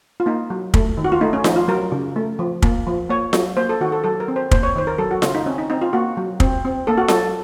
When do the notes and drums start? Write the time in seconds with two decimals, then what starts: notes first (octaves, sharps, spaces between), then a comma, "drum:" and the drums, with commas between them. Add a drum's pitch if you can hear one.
0.20 F4
0.26 A#3 D#4
0.50 F#3
0.74 A3, drum: kick
0.97 D#3
1.04 F#4
1.12 F4
1.21 A3 D#4
1.33 C#4
1.44 F3 D#4, drum: snare F4
1.56 F4
1.68 F#3 A#4
1.92 C#3
2.16 A3
2.39 F3
2.62 A#3, drum: kick
2.87 F3
3.09 A#3 C#5
3.33 F#3, drum: snare F4
3.57 A#3 C5
3.69 A4
3.81 D#3 F#4
3.92 A4
4.04 F#3 A4
4.20 A#4
4.28 C4
4.36 C5
4.51 A#3 C5, drum: kick
4.63 C#5
4.75 D#3 C5
4.87 A#4
4.98 F#3 A4
5.11 F#4
5.22 C#3 F4, drum: snare F4
5.35 D#4
5.46 C4 C#4
5.58 D#4
5.70 C4 D#4
5.81 F4
5.93 A#3 F#4
6.17 F#3
6.40 C4, drum: kick
6.65 C4
6.87 A#3 A4
6.98 F#4
7.08 F#3 A4, drum: snare F4